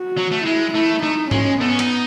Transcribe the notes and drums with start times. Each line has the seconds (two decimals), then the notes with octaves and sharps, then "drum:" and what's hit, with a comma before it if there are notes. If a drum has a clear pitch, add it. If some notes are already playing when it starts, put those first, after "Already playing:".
Already playing: F#4
0.17 F#3
0.31 A3
0.45 G#3 E4
0.74 A3 E4
1.03 A3 D#4
1.31 G#3 C#4, drum: tom G#2
1.60 A3 B3
1.69 C#4
1.79 D#4, drum: hi-hat